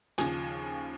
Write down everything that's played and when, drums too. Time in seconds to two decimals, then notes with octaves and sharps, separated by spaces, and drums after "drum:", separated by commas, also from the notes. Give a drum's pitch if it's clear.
0.18 D#2 C#3 F3 G#5, drum: hi-hat